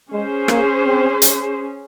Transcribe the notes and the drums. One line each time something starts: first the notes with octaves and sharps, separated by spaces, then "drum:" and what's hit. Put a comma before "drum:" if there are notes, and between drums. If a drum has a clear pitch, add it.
G#3 C#4 G#4 C5
A#3, drum: rim click
C4
drum: hi-hat